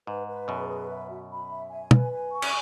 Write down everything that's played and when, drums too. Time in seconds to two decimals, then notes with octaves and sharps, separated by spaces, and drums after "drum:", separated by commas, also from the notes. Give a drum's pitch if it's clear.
0.07 G#2 B4
0.28 B4
0.48 F#2 B2 G#4
0.68 B4
0.89 E5
1.09 F#4
1.30 B5
1.50 E5
1.70 G#5
1.91 B4, drum: tom
2.12 G#5
2.31 C#6
2.42 C#4, drum: cymbal